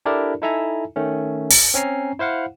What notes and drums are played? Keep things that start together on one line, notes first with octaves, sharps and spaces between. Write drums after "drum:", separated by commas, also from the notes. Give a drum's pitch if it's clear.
D4 E4 G4 A4 A#4 D5
D#4 E4 A4 E5 G#5 A#5
D#3 A3 C#4
A6 A#6, drum: open hi-hat
C4 C#4 G#5 A#5 C7
E4 C5 F5 F#5